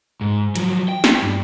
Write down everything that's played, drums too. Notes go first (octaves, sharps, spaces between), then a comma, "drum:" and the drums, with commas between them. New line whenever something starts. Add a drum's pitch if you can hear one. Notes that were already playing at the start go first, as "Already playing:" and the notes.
G#2
F3 F#3, drum: hi-hat
G5
drum: snare
G2